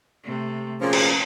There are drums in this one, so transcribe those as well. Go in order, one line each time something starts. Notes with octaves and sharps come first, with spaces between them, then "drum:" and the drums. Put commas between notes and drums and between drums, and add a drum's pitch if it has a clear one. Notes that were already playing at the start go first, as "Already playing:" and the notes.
C3 A3
A#2 F3 C4 C#4 G#4
drum: cymbal